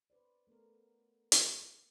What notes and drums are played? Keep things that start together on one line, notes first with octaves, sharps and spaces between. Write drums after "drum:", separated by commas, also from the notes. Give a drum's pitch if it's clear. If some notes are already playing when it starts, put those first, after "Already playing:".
B4 C5 D5
A3 B3 C#4 A4 A#4
drum: hi-hat